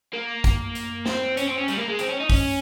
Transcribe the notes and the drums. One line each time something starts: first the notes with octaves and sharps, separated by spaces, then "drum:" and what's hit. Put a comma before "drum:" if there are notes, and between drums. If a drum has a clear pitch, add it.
A#3
drum: kick, hi-hat
drum: hi-hat
C4, drum: snare
C#4, drum: hi-hat
C4
C#4
G3, drum: hi-hat
A#3
G#3
C4, drum: hi-hat
C#4
D#4
C#4, drum: kick, open hi-hat